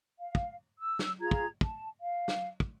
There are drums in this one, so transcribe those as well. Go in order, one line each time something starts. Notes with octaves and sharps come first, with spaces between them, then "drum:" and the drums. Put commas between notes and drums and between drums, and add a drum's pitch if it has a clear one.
F5
drum: kick
E6
drum: snare
F4 G#4 A#5 G#6
drum: kick
A5, drum: kick
F5
drum: snare
drum: kick